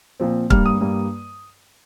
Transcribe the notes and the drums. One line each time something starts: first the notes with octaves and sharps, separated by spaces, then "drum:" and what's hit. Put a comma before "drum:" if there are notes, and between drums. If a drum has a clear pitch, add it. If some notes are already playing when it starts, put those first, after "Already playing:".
A#2 F3 C4
G2 G3 A#3 F6, drum: kick
D#6
G2 G3 A#3